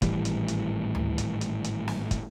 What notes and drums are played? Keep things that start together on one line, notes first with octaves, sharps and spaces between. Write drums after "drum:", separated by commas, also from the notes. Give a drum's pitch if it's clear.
G#1 A2 E3 G3, drum: kick, hi-hat
drum: hi-hat
drum: hi-hat
drum: tom D2
drum: hi-hat
drum: hi-hat
drum: hi-hat
drum: snare
drum: kick, hi-hat